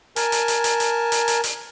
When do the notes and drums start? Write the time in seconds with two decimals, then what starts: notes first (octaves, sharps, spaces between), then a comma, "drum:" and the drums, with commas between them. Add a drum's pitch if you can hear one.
0.16 A#4 G#5 A5, drum: hi-hat
0.32 drum: hi-hat
0.48 drum: hi-hat
0.64 drum: hi-hat
0.80 drum: hi-hat
1.12 drum: hi-hat
1.28 drum: hi-hat
1.44 drum: hi-hat